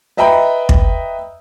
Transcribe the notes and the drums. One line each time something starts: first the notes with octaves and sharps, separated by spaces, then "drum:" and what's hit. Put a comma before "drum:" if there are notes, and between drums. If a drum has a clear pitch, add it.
B4 D#5 E5 G5 A#5 B5
drum: kick